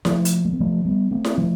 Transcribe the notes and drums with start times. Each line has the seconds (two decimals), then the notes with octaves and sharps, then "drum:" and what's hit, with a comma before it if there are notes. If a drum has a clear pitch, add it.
0.05 F3 A3, drum: snare E4
0.25 drum: hi-hat
0.45 A3
0.53 B3
0.60 F3 A3
0.85 G3 B3
1.11 A3 C4
1.24 drum: snare E4
1.38 F3 A3